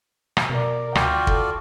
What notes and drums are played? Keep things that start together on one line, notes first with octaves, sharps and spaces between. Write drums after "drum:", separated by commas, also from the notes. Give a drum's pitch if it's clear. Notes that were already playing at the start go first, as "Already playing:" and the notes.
drum: rim click
B2 A#4 D5
D2 F4 F#4 D5 G5, drum: rim click
A4, drum: kick